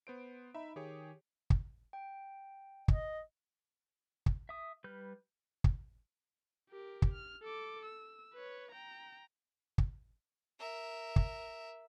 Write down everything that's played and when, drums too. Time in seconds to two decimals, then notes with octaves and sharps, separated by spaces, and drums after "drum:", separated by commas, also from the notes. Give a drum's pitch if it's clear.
0.07 B3 C5 D7
0.55 D#4 E5 B5
0.76 D#3 G4 G#4 C#5
1.50 drum: kick
1.93 G5
2.88 D#5, drum: kick
4.26 drum: kick
4.49 E5 D#6
4.84 G3 B4 F6 G6
5.64 drum: kick
6.70 G4 A#4
7.02 drum: kick
7.13 F6
7.43 A4 D6
7.85 E6
8.34 B4 C#5
8.71 G5 A#5
9.78 drum: kick
10.59 A#4 E5
11.16 drum: kick